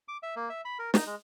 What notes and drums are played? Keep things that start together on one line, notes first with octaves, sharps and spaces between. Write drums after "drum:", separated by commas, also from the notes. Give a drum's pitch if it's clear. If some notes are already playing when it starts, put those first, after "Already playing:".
D6
E5
A#3
E5
B5
A#4
D#4, drum: snare
G#3